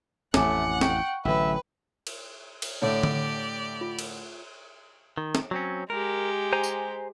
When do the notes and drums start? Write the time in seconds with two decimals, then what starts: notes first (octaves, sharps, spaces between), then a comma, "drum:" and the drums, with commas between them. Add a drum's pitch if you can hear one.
0.34 A1 F2 A3 C#5 F#5 G#5 D6, drum: snare
0.81 G5 C#6, drum: snare
1.25 A1 D3 F#3 B4 E5 G5
2.07 drum: cymbal
2.62 drum: cymbal
2.82 A2 D3 A3 G4 C#5 D5
3.03 drum: tom D3
3.81 F4
3.99 drum: cymbal
5.17 D#3
5.35 drum: snare
5.51 F#3 C4 C#4
5.90 G#3 G4 A#4
6.53 C5 G#5 A#5
6.63 drum: tambourine